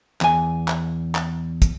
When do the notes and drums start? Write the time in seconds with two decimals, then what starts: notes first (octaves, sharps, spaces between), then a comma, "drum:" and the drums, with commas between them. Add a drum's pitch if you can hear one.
0.21 E2 G#5, drum: clap
0.68 drum: clap
1.15 drum: clap
1.62 drum: kick, hi-hat